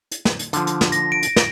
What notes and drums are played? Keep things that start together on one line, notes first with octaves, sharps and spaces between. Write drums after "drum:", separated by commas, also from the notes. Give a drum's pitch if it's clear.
drum: hi-hat
drum: snare
drum: hi-hat
D3 F3, drum: hi-hat
drum: hi-hat
drum: snare
A#6, drum: hi-hat
D7
drum: hi-hat
drum: snare